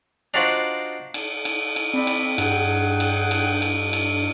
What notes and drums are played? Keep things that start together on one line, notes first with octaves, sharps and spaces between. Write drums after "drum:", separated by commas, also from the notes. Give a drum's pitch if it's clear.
D4 D#4 F4 F#4 C5 D5
drum: cymbal
drum: cymbal
drum: cymbal
C4 D5 B5
drum: cymbal
G2 G#4 F#5 G5, drum: cymbal
drum: cymbal
drum: cymbal
drum: cymbal
drum: cymbal